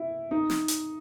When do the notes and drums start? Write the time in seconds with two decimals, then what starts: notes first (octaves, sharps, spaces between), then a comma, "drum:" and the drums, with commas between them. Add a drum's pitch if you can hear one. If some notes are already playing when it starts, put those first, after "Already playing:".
Already playing: E4
0.31 D#4
0.50 drum: snare
0.68 drum: hi-hat